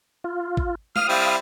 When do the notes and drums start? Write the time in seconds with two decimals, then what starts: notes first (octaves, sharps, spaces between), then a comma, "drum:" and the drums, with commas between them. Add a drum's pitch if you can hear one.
0.24 F4
0.57 drum: kick G#1
0.96 F5 D#6 F6, drum: snare
1.09 G3 C4 E4